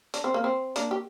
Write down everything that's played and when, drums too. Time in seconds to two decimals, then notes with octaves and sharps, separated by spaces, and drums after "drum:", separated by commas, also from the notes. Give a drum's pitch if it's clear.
0.14 D4, drum: hi-hat
0.24 C4
0.34 A#3
0.44 C4
0.76 A#3 D4, drum: hi-hat
0.91 G4